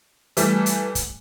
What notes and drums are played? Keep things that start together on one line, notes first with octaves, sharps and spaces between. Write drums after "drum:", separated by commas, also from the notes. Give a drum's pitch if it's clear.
E3 G3 A3, drum: hi-hat
drum: hi-hat
drum: kick, hi-hat